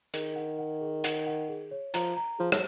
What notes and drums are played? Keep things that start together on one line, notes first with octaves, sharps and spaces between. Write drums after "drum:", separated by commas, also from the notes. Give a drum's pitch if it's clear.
D#3 G#4, drum: hi-hat
F#5
F#5
G#4
F#5, drum: hi-hat
F#5
G#4
C#5
F3 A#5, drum: hi-hat
A#5
F3 G#4
F#3, drum: rim click